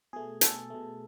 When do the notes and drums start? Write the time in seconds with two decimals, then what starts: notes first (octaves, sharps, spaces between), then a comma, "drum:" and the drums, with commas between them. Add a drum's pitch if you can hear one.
0.13 B2 A3 G#4
0.41 B2 A3 A4, drum: hi-hat
0.70 B2 A3